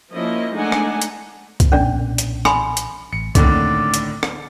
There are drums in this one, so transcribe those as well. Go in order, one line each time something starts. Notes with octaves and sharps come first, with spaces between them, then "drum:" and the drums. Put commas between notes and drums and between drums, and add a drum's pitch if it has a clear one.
F3 A#3 C#4 E4 D#5
G#3 A3 D4 D#4 F#5 G#5
drum: rim click
drum: hi-hat
drum: kick, hi-hat
B1 A#2 B3 C#4 D4 D5
drum: hi-hat
G#5 B5 C6, drum: rim click
drum: hi-hat
A1 C#7
A2 D3 D#3 A#3 C4 C#4 D5, drum: kick, hi-hat
drum: hi-hat
drum: rim click